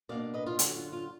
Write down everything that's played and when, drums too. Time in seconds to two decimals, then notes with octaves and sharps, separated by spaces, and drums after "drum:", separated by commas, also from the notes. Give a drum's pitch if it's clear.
0.09 B2 A#3 D4 D5 F5
0.34 B4 D#5
0.46 F4
0.59 F#2 D3 F#3 F#4, drum: hi-hat
0.75 F4
0.92 F4